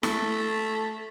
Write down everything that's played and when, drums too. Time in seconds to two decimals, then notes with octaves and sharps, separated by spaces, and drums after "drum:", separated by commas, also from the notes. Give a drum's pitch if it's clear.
0.03 A3, drum: snare E4